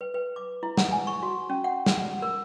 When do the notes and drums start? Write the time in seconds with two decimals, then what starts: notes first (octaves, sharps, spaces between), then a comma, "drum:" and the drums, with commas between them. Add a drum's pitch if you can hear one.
0.01 B4
0.14 B4
0.36 D6
0.63 E4
0.77 F#5, drum: snare
0.91 G#5
1.07 C#6
1.23 F#4
1.50 C#4
1.64 F#5
1.86 drum: snare
1.97 F#5
2.22 A#4